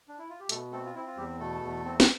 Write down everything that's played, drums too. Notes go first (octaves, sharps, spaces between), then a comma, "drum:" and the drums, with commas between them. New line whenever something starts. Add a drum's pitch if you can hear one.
D4
E4
F4
G4
B2 A3 A4, drum: hi-hat
A3 C4 A4
F4
C4 E4
F4
E2 G3 G4
B2 A3 A4
E2
C4
drum: snare